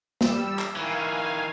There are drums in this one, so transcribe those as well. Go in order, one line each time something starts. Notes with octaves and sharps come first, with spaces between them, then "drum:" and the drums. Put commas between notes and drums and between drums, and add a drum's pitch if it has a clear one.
G3 E6, drum: snare A#3
drum: clap
D#3 E3 F5 G#5